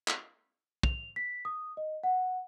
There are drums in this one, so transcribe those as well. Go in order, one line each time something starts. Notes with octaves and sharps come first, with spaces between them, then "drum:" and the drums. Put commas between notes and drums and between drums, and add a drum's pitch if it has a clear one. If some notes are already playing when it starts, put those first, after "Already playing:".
drum: clap
F7, drum: kick
B6
D#6
D#5
F#5